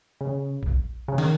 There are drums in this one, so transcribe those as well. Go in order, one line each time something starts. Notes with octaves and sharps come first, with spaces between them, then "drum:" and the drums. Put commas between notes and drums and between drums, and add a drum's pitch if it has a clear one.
C#3
drum: kick
C#3
D#3, drum: cymbal